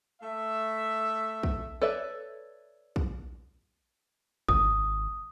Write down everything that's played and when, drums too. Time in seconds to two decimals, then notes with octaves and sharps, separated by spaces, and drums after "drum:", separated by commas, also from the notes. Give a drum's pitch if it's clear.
0.22 A3 E5
1.43 drum: kick
1.82 A4 B4 C#5 D5 E5
2.96 drum: kick
4.49 G#1 D#6, drum: kick